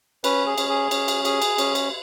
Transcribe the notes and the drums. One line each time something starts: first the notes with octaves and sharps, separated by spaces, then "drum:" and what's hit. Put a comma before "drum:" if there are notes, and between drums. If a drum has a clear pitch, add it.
C#4 B4, drum: cymbal
G#4
C#4, drum: cymbal
G#4
C#4, drum: cymbal
drum: cymbal
G#4, drum: cymbal
drum: cymbal
C#4, drum: cymbal
drum: cymbal